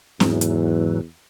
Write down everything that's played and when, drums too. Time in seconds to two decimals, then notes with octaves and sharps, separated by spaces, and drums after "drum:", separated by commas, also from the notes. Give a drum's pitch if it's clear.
0.20 E2 G#2 E3 F#3, drum: snare C4
0.41 drum: hi-hat